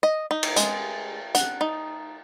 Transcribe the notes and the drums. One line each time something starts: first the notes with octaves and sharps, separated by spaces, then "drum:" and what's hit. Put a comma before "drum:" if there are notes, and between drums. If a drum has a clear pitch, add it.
D#5
D#4
drum: cymbal
G#3, drum: hi-hat
F#5, drum: hi-hat
D#4